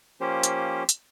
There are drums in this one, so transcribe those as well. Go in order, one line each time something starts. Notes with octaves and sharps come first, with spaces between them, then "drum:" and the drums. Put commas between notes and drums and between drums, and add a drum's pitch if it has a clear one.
F3 A#3 C#4 G4 C5
drum: hi-hat
drum: hi-hat